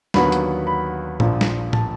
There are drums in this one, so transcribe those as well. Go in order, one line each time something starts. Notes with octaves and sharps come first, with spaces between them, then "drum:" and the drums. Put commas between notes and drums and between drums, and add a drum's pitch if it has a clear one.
D#2 D3 F#3 B3 B5, drum: snare
drum: hi-hat
B5
A#1 A#2 F3, drum: tom A2
drum: snare
A5, drum: tom A2